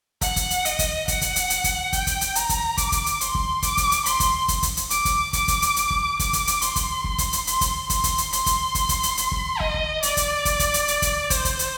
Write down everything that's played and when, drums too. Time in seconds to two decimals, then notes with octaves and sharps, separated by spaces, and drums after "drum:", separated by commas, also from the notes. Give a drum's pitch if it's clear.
0.21 F#5, drum: kick, hi-hat
0.36 drum: kick, hi-hat
0.50 drum: hi-hat
0.65 D#5, drum: hi-hat
0.79 drum: kick, hi-hat
1.08 F#5, drum: kick, hi-hat
1.21 drum: kick, hi-hat
1.36 drum: hi-hat
1.50 drum: hi-hat
1.64 drum: kick, hi-hat
1.93 G5, drum: kick, hi-hat
2.07 drum: kick, hi-hat
2.21 drum: hi-hat
2.35 A#5, drum: hi-hat
2.49 drum: kick, hi-hat
2.77 D6, drum: kick, hi-hat
2.92 drum: kick, hi-hat
3.06 drum: hi-hat
3.21 C6, drum: hi-hat
3.35 drum: kick
3.62 D6, drum: kick, hi-hat
3.77 drum: kick, hi-hat
3.91 drum: hi-hat
4.06 C6, drum: hi-hat
4.20 drum: kick, hi-hat
4.48 drum: kick, hi-hat
4.63 drum: kick, hi-hat
4.77 drum: hi-hat
4.90 D6, drum: hi-hat
5.05 drum: kick, hi-hat
5.33 D6, drum: kick, hi-hat
5.48 drum: kick, hi-hat
5.62 drum: hi-hat
5.76 drum: hi-hat
5.90 drum: kick
6.19 D6, drum: kick, hi-hat
6.33 drum: kick, hi-hat
6.47 drum: hi-hat
6.62 C6, drum: hi-hat
6.76 drum: kick, hi-hat
7.04 drum: kick
7.18 drum: kick, hi-hat
7.33 drum: hi-hat
7.47 C6, drum: hi-hat
7.61 drum: kick, hi-hat
7.90 C6, drum: kick, hi-hat
8.04 drum: kick, hi-hat
8.18 drum: hi-hat
8.33 C6, drum: hi-hat
8.46 drum: kick, hi-hat
8.75 drum: kick, hi-hat
8.89 drum: kick, hi-hat
9.03 drum: hi-hat
9.17 drum: hi-hat
9.32 drum: kick
9.60 D#5, drum: kick
9.74 drum: kick
10.03 D5, drum: hi-hat
10.17 drum: kick, hi-hat
10.45 drum: kick, hi-hat
10.59 drum: kick, hi-hat
10.74 drum: hi-hat
10.88 drum: hi-hat
11.02 drum: kick, hi-hat
11.30 C5, drum: kick, hi-hat
11.45 drum: kick, hi-hat
11.59 drum: hi-hat